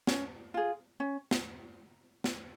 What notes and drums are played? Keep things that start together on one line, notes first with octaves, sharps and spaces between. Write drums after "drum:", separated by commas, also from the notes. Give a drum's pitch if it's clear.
C#4, drum: snare
F4 G#4
C#4
drum: snare
drum: snare